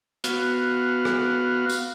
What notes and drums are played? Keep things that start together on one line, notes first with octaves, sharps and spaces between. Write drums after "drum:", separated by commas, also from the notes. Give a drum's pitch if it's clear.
B3 F#4 F5, drum: hi-hat
drum: rim click
drum: tambourine